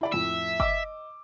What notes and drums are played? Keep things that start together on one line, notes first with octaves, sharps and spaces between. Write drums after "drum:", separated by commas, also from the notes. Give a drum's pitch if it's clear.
E4 D5 B5
F2 A2 E5
D#5 D6 E6, drum: kick F#1